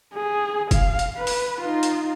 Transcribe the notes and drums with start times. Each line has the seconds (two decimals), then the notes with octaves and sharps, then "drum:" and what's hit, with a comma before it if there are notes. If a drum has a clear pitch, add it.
0.14 G#4
0.71 F5, drum: kick F1, hi-hat
0.99 drum: hi-hat
1.17 B4
1.27 drum: open hi-hat
1.61 D#4 F4
1.83 drum: hi-hat